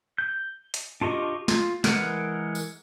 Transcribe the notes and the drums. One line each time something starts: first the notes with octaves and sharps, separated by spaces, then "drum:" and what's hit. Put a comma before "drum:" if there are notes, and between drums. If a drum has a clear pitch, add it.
G6
drum: hi-hat
D4 F4 G4 D#5 C#6
F4, drum: snare
E3 G#3 A#4 B4 F#5, drum: snare
drum: tambourine